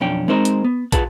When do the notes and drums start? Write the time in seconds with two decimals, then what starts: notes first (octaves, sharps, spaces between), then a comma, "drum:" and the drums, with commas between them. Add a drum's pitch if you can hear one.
0.01 B1 F2 C#4 D4 G5
0.28 G#3 C4 D#4 A#4 C5 D#5
0.45 drum: hi-hat
0.64 B3
0.92 F4 G#4 B4 F#5 A5, drum: kick, hi-hat